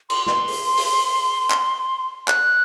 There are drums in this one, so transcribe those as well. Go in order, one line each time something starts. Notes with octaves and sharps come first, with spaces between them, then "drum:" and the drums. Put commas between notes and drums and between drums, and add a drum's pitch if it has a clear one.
C6, drum: cymbal
C6, drum: snare
drum: open hi-hat
drum: open hi-hat
drum: clap
F#6, drum: clap